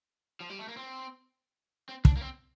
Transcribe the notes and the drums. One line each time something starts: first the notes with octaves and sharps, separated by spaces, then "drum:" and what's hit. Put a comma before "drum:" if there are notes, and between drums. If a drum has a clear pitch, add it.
F3
G3
A3
A#3
C4
C4
D4, drum: kick
A#3
C4